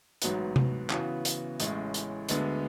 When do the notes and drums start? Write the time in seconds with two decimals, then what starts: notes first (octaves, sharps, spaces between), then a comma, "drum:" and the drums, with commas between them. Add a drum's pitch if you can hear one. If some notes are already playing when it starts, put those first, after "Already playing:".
0.22 A1 G#2 F#3 B3 F#4, drum: hi-hat
0.56 drum: tom C3
0.90 C#3 E3 B3 F#4, drum: clap
1.25 drum: hi-hat
1.60 A1 A2 G#3 C#4, drum: hi-hat
1.94 drum: hi-hat
2.29 D2 D3 G#3 B3, drum: hi-hat